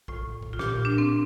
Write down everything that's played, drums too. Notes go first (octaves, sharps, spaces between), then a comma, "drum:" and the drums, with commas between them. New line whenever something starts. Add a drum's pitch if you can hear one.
A2 F4, drum: kick A#1
drum: kick A#1
F4
A#2 G4, drum: snare
F4
D4
C4